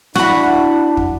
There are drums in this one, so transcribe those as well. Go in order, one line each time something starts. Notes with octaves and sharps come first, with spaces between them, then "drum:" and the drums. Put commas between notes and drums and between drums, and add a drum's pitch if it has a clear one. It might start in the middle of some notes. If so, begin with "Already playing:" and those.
D4 E4 F#4 F#5 B5, drum: rim click
drum: kick